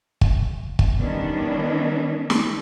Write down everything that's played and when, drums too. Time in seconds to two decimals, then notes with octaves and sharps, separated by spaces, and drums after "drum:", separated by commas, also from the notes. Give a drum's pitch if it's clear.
0.21 drum: kick
0.79 drum: kick
0.98 D#3 E3 G3 B3 C#4 D4
2.30 drum: snare